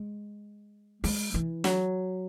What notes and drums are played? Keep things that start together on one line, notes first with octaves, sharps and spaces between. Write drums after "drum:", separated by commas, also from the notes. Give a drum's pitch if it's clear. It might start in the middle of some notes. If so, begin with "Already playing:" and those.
Already playing: G#3
G#3, drum: open hi-hat
E3
F#3, drum: snare